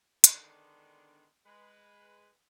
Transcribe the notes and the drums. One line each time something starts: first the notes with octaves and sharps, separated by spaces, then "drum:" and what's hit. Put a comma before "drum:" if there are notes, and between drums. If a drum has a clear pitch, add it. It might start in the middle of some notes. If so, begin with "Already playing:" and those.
D3 D#3 G#3 B3 D4, drum: hi-hat
G#3 B4